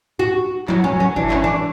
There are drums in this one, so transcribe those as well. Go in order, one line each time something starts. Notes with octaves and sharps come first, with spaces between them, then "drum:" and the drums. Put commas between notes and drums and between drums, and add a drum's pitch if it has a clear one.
F#4
F#3 E4, drum: clap
C#4
F#3
C#4
E3 D4, drum: kick G1
C#4, drum: clap
D4